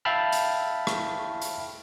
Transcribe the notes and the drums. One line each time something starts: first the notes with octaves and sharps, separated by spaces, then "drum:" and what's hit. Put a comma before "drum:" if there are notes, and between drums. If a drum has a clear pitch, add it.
E5 F5 G5 A5 B5 F6
drum: hi-hat
drum: rim click
drum: hi-hat